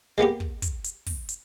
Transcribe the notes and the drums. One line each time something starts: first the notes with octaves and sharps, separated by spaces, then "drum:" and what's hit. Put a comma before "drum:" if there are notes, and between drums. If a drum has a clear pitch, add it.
G#3 A#3 B3 G4
drum: kick
drum: kick, hi-hat
drum: hi-hat
drum: kick, open hi-hat
drum: hi-hat